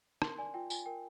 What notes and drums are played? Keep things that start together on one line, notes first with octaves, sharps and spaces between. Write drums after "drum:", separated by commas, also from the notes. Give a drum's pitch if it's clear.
A#4 C6, drum: rim click
D5 G#5
F4 G5
F4 G#5, drum: tambourine
A#4 G5